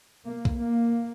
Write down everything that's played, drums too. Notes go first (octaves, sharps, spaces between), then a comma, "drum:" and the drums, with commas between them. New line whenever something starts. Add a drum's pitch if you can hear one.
A#3
drum: kick B1
A#3